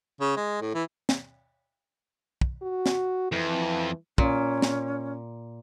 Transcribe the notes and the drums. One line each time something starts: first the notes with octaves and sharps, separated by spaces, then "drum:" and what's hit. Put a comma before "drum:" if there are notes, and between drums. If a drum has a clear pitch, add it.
C#3
G#3
A2
E3
drum: snare
drum: kick
F#4
drum: snare
F2 E3
A#2 C#4, drum: kick
drum: snare